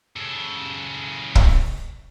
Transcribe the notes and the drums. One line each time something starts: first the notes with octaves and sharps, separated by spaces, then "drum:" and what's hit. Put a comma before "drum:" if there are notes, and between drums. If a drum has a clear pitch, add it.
C#3 A4
drum: kick